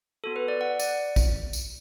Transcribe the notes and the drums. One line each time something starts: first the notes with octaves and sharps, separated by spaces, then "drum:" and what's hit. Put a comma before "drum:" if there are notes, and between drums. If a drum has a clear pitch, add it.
B3 F#4 A4
B4
D5
F#5
D5, drum: tambourine
drum: kick, tambourine
drum: tambourine